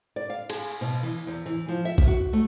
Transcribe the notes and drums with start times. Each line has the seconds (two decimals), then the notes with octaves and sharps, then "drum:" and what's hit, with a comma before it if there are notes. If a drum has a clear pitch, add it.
0.16 D5
0.30 F5
0.50 G#4, drum: cymbal
0.81 B2
1.03 E3
1.27 E2
1.46 E3
1.68 F3
1.85 E5
1.98 drum: kick
2.07 F#4
2.33 A3